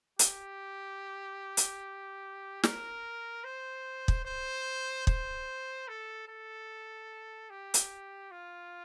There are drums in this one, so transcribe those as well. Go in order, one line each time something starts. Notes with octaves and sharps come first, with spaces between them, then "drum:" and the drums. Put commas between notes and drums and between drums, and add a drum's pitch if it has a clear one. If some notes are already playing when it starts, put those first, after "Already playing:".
G4, drum: hi-hat
drum: hi-hat
A#4, drum: snare
C5
drum: kick
C5
C5, drum: kick
A4
A4
G4
drum: hi-hat
F4